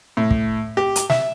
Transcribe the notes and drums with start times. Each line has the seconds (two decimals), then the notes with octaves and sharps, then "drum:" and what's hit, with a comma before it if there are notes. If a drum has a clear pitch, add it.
0.17 A2
0.31 drum: kick
0.77 G4
0.96 drum: hi-hat
1.10 E5, drum: snare